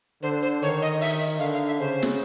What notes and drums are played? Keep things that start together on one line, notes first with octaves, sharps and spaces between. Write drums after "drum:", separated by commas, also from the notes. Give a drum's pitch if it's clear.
D3 C5
C5
D#3 C#5
D#5
E5, drum: open hi-hat
D3 F5
F5
E5
C#3 C5
drum: snare